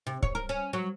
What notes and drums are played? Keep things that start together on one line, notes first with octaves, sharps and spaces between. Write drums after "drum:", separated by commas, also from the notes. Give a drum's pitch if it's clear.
C3
C#5, drum: kick C#1
A#4
C#4
F#3